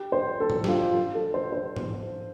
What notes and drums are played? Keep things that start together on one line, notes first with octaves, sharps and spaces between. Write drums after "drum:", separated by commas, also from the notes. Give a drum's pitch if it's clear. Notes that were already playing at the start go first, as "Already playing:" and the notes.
Already playing: G4
C5
A4
drum: tom G#2
G4, drum: snare
F4
A4
C5
C5
drum: tom G#2